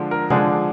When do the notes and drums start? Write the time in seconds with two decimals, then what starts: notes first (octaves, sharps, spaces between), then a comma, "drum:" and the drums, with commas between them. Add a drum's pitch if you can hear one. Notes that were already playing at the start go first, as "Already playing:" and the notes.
Already playing: D3 F3 G#3 D4
0.11 A#4
0.30 D3 F3 G#3 D4 G#4, drum: tom C3